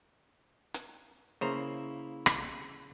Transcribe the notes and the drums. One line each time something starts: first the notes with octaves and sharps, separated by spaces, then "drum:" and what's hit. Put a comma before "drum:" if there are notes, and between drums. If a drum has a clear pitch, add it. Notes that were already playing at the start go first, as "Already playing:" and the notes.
drum: hi-hat
C#3 A#3 E4 C5 A#5
drum: rim click